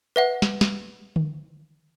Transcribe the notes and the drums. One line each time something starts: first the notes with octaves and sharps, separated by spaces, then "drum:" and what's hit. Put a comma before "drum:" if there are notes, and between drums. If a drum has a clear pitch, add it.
B4 E5 F#5
drum: snare
drum: snare
drum: tom D3